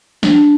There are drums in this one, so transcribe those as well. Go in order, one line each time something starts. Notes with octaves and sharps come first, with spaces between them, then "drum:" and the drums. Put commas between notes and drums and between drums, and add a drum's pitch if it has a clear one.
D4, drum: snare